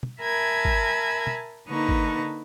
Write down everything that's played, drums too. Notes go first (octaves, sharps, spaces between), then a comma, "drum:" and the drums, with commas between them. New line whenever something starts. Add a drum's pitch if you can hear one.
drum: tom
A#4 E5 G#5 A5 B5 G#6
drum: kick
drum: tom
D3 A#3 D#4 B4 A5 C#6
drum: kick